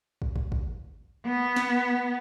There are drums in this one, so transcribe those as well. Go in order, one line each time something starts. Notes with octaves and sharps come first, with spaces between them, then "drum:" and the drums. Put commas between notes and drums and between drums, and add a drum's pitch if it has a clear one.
drum: kick
drum: kick
drum: kick
B3
drum: snare